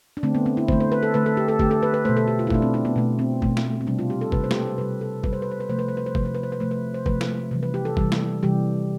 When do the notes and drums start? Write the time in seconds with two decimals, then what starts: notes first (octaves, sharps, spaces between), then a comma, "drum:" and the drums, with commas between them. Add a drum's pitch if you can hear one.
0.17 D4
0.23 D3 A3 C4
0.35 B3
0.46 C4
0.57 E4
0.68 D3 A3 C5, drum: kick
0.80 C5
0.92 B4
1.03 A4
1.14 D3 A3 B4
1.26 A4
1.37 G4
1.48 A4
1.59 D3 A3 G4, drum: kick
1.71 A4
1.83 B4
1.94 B4
2.05 B2 A3 C5
2.17 A4
2.28 G4
2.39 F4
2.47 E4
2.50 B2 A3 D4, drum: kick
2.62 C4
2.74 D4
2.85 B3
2.96 B2 A3
3.19 C4
3.42 B2 A3, drum: kick
3.57 drum: snare
3.81 C4
3.87 C3 G3 D4
3.99 F4
4.10 G4
4.21 A4
4.32 C3 G3 B4, drum: kick
4.44 C5
4.51 G4, drum: snare
4.56 A4
4.67 C5
4.78 C3 G3 B4
5.01 A4
5.24 C3 G3 B4, drum: kick
5.33 C5
5.42 B4
5.51 C5
5.60 B4
5.69 C3 F3 A3 C5
5.79 B4
5.88 C5
5.97 B4
6.06 C5
6.15 C3 F3 A3 B4, drum: kick
6.25 C5
6.34 B4
6.43 C5
6.52 B4
6.60 C3 F3 A3 C5
6.71 B4
6.94 C5
7.06 C3 F3 A3 B4, drum: kick
7.21 drum: snare
7.51 C3 E3 G3
7.63 B4
7.74 G4
7.85 A4
7.97 C3 E3 G3, drum: kick
8.12 drum: snare
8.43 C3 E3 G3 G4